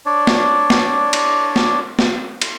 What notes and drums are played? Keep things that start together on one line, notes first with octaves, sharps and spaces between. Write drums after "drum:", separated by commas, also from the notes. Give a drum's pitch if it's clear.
D4 C#5 D5
drum: snare
drum: snare
drum: cymbal
drum: snare
drum: snare
drum: cymbal